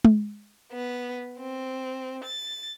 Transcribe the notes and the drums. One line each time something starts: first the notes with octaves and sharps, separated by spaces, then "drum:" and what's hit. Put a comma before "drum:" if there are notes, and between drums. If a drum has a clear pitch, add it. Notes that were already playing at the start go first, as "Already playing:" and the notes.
drum: tom G#3
B3
C4
A6